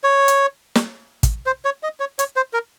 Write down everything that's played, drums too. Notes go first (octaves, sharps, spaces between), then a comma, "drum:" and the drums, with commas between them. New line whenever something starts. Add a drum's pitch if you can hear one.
C#5
drum: hi-hat
drum: snare
drum: kick, hi-hat
C5
C#5
D#5
C#5
C#5, drum: hi-hat
C5
A#4